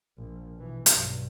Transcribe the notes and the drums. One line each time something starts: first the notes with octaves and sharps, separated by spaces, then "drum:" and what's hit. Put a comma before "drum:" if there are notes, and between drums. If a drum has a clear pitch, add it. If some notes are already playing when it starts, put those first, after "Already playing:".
A#1
B2 E3
B1 G2, drum: hi-hat